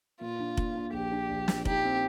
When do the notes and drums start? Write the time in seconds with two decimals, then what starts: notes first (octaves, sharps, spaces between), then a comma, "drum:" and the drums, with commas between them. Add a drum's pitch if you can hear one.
0.21 A#2 F4
0.39 D4
0.57 A#2, drum: kick F1
0.75 D4
0.93 A#1 G4
1.11 D4
1.29 A#1
1.48 A#2, drum: snare
1.65 D#4 G4, drum: kick F1
1.84 C4